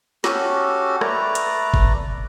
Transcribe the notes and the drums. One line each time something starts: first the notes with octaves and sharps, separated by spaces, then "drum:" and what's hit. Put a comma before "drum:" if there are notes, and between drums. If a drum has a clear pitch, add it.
C#4 F#4 G4 A4, drum: snare
A3 B4 D5 A#5, drum: rim click
drum: hi-hat
drum: kick F#1